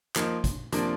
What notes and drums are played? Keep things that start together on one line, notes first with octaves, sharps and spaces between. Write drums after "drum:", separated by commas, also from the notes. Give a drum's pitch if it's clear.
F3 A#3 D#4, drum: clap
drum: kick, hi-hat
C3 F3 A#3 D4, drum: hi-hat